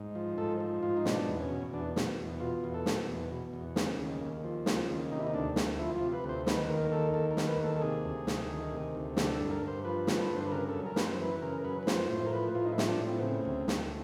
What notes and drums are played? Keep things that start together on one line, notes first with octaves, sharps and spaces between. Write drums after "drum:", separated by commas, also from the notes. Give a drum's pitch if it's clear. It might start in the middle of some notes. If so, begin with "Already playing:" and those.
Already playing: G#2
F3
G#2 A4
F3
G#2 F4
D#4
B2 D4, drum: snare
E2
C#4
B2
E2 D4
B2, drum: snare
E2
B2 F4
E2
A4
B2, drum: snare
E2
B2
E2
C#3, drum: snare
D#2
D#2
F3
C#3, drum: snare
D#2
C3 D#4
E4
D#4
D2 D4
D2, drum: snare
F3 E4
F4
C3
B4
D2
C5
D#3 B4, drum: snare
D#2 A#4
D#3 A4
D#2 A4
A#4
D#3, drum: snare
B4
D#2 A4
A4
C3 G#4
D2
D2, drum: snare
D#3
C3
D2
D3 G4, drum: snare
A4
G2
A#4
G2
C5
F3 B4
D3, drum: snare
B4
G2
C5
B4
C#3 A#4
A4
F#2
A#4
F#2 B4, drum: snare
C5
E3 B4
C#3 A#4
F#2 B4
B4
F3 C5, drum: snare
A2 C5
A#4
F3 B4
A2 F4
D#4
E4
F3, drum: snare
D4
A2
C4
B3
C#3 C4
D2
D2, drum: snare